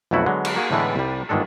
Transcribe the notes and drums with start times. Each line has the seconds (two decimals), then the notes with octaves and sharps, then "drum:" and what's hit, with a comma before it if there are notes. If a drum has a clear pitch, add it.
0.11 B1 F2 F#3 A3 E4 F#4
0.26 D3 F#3 G#3 B3
0.45 drum: cymbal
0.56 A#3 F#4 G#4
0.71 A2 D3 E3 G#3 A3 B3
0.96 C2 G3
1.29 G1 G#2 D#3 G#3 D4 A4